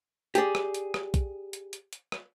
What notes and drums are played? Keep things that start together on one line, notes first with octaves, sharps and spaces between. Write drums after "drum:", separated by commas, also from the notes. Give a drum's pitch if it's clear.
G4 G#4 D5, drum: hi-hat
drum: rim click
drum: hi-hat
drum: rim click
drum: kick, hi-hat
drum: hi-hat
drum: hi-hat
drum: hi-hat
drum: rim click